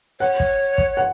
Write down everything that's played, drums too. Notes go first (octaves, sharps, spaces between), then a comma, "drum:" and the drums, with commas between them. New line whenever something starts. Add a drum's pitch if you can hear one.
C#5 F#5
drum: kick
drum: kick
F#5